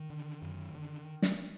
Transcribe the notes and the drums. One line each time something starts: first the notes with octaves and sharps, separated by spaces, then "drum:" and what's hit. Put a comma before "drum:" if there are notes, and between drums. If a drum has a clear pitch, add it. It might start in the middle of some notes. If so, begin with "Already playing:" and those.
Already playing: D#3
D3
F#2
D3
drum: snare